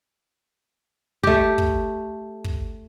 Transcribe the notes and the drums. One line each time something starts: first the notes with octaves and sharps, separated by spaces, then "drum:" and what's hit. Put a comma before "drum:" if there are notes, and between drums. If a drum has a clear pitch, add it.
A3 G4, drum: kick
drum: kick
drum: kick